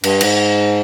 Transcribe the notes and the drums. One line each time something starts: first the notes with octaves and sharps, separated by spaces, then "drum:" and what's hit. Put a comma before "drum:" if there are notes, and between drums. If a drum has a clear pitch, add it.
G2, drum: cymbal
G#2, drum: cymbal